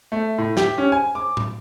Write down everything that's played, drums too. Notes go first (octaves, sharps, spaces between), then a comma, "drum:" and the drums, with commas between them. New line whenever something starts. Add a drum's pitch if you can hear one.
A3
A2
G4, drum: snare
C#4
G#5
D6
drum: tom A2